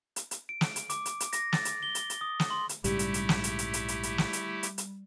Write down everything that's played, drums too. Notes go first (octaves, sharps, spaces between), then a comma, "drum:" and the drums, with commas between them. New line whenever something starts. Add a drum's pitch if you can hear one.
drum: hi-hat
drum: hi-hat
D7
drum: snare
drum: hi-hat
D6, drum: hi-hat
drum: hi-hat
drum: hi-hat
A#6, drum: hi-hat
A6, drum: snare
drum: hi-hat
G7
drum: hi-hat
drum: hi-hat
D#6
drum: snare
C6
drum: hi-hat
A#1 G#2 C#3 G3 A3 E4 G4, drum: hi-hat
drum: hi-hat
drum: hi-hat
drum: snare
drum: hi-hat
drum: hi-hat
drum: hi-hat
drum: hi-hat
drum: hi-hat
drum: snare
drum: hi-hat
drum: hi-hat
drum: hi-hat